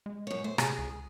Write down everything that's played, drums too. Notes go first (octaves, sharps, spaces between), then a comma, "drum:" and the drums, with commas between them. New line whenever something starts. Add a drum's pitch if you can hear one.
G#3
F#2 C#5
A3 C5
C3 G#4, drum: rim click
C#2